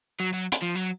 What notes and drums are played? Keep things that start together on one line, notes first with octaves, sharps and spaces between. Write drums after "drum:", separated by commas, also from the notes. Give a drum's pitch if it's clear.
F#3
F#3
drum: hi-hat
F3
F#3